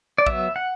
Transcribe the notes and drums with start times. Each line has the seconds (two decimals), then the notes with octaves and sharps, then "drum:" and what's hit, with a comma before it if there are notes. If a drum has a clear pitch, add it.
0.18 D5
0.27 F#3 B3 E5, drum: kick A#1
0.56 F#5